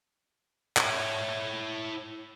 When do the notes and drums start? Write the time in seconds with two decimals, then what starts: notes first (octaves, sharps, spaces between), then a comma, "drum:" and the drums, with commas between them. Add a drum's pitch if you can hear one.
0.77 E4 C#5, drum: clap